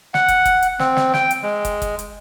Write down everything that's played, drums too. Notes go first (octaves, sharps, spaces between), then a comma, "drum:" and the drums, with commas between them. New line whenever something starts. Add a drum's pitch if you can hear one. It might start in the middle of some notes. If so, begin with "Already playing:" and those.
F#5, drum: snare
drum: kick, hi-hat
drum: kick, hi-hat
drum: hi-hat
C4, drum: snare
drum: snare
G5, drum: snare
drum: hi-hat
G#3
drum: kick, hi-hat
drum: kick, hi-hat
drum: hi-hat